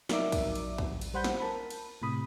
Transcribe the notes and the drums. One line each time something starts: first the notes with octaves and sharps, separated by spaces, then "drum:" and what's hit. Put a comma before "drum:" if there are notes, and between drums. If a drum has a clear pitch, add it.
F#3 D#4 A#4 D5 E5 D6, drum: snare
drum: kick, cymbal
drum: cymbal
drum: kick
drum: cymbal
G3 C5 F#5 B5 G6
drum: snare
A#4 A5 B5
drum: cymbal
A2 C3 B5 D#6